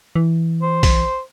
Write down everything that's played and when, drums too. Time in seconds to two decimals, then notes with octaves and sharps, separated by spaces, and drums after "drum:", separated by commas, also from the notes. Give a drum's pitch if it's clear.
0.16 E3
0.62 C5
0.83 drum: kick, open hi-hat